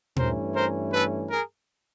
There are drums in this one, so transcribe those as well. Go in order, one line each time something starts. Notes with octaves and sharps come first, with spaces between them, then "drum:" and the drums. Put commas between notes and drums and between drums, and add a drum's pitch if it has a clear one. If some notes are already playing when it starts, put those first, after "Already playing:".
G2 E3 A3 C#4 A#4 C5, drum: tom A#2
A#4 C5
A4 B4
G#4 A#4